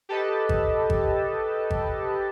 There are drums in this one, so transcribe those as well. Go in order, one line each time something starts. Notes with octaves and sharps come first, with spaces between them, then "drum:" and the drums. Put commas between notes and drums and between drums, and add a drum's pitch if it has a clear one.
G4 A4 B4 D#5 A5
drum: kick G#1
drum: kick G#1
drum: kick G#1